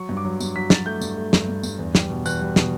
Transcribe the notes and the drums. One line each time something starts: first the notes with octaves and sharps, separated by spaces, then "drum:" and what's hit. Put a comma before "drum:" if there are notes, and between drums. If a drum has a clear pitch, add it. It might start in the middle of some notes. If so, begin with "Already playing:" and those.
Already playing: F#3 C#6
G2
D6
F#3
G2, drum: tambourine
F#3 B6
F#3 A6, drum: snare
A3 G6
G2, drum: tambourine
A3
G2, drum: snare
G2
G2, drum: tambourine
E2
G3, drum: snare
B2
E2 F#6, drum: tambourine
G3
B2, drum: snare